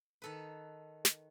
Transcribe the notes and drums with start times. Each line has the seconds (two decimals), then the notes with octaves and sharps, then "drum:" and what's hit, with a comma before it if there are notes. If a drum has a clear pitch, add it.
0.22 D#3 A4 B4
1.05 drum: snare